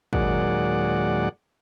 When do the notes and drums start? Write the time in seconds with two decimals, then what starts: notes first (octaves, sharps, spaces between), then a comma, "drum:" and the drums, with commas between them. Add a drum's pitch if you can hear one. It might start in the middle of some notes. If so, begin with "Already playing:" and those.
0.13 D#2 A#2 F#3 G#3 D5 F#5, drum: kick